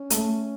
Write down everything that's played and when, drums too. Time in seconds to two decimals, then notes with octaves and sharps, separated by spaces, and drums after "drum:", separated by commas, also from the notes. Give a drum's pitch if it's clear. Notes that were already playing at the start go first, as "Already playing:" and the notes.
Already playing: C#4
0.10 A3, drum: hi-hat